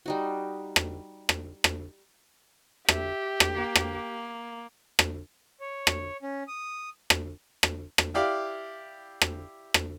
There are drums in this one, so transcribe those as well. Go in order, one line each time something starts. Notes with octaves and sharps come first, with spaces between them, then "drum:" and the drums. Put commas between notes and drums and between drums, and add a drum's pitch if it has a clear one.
G3 D#4 F#4
drum: rim click
drum: rim click
drum: rim click
G4 E5, drum: rim click
drum: rim click
A#3
drum: rim click
drum: rim click
C#5
drum: rim click
C#4
D#6
drum: rim click
drum: rim click
drum: rim click
E4 G4 D5 F5
drum: rim click
drum: rim click